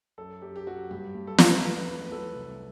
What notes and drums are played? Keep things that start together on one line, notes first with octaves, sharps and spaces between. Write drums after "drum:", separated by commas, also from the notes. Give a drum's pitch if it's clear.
F#2 A4
F#2 G4
G4
F#3 F#4
G2 G4
G2
A4
A3, drum: snare
A3 B4
E2
B4
F#3 A4
C2